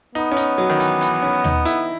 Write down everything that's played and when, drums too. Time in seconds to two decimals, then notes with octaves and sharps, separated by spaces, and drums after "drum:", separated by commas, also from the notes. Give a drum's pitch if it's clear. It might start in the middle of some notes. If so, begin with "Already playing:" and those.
0.15 B3 D#4
0.32 C#4
0.37 D#4, drum: hi-hat
0.58 F#3
0.69 D#3
0.80 E3, drum: hi-hat
1.01 E3, drum: hi-hat
1.23 C#4
1.44 D#4, drum: tom D#2
1.65 E4, drum: hi-hat